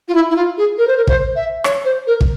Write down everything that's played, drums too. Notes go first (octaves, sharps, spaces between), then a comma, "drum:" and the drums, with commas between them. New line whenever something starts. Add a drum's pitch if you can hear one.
F4
E4
E4
F4
G#4
A#4
C5
A#4
C5, drum: kick
E5
C#5, drum: rim click
C5
A#4
drum: kick